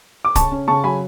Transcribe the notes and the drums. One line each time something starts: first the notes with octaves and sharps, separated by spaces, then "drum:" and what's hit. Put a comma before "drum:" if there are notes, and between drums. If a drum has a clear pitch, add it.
D6
C#3 A5 C#6, drum: kick, hi-hat
C#4
C#3 A5 C#6
F#3 G#5 B5